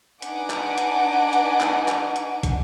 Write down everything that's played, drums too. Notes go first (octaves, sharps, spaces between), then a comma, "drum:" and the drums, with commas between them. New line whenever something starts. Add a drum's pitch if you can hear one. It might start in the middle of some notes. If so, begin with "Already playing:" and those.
D4 D#4 B4 F#5 G#5 D6, drum: hi-hat
drum: clap
drum: hi-hat
drum: hi-hat
drum: clap
drum: clap
drum: hi-hat
drum: kick, hi-hat